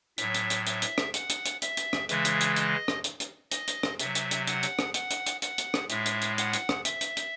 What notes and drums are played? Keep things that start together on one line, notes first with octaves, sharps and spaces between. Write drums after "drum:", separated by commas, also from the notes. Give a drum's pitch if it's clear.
A2 F#3 E5, drum: hi-hat
drum: hi-hat
drum: hi-hat
E5, drum: hi-hat
drum: hi-hat
drum: rim click
F#5, drum: hi-hat
drum: hi-hat
drum: hi-hat
E5, drum: hi-hat
drum: hi-hat
drum: rim click
C#3 E3 G#3 E5, drum: hi-hat
drum: hi-hat
drum: hi-hat
D#5, drum: hi-hat
drum: rim click
drum: hi-hat
drum: hi-hat
D#5, drum: hi-hat
drum: hi-hat
drum: rim click
C3 F#3 E5, drum: hi-hat
drum: hi-hat
drum: hi-hat
F#5, drum: hi-hat
drum: hi-hat
drum: rim click
F#5, drum: hi-hat
drum: hi-hat
drum: hi-hat
F#5, drum: hi-hat
drum: hi-hat
drum: rim click
A2 G#3 E5, drum: hi-hat
drum: hi-hat
drum: hi-hat
F#5, drum: hi-hat
drum: hi-hat
drum: rim click
E5, drum: hi-hat
drum: hi-hat
drum: hi-hat